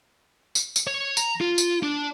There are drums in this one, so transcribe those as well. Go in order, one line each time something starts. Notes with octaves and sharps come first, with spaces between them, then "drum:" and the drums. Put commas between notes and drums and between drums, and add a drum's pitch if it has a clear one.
drum: tambourine
drum: tambourine
C#5
A#5, drum: tambourine
F4
drum: tambourine
D4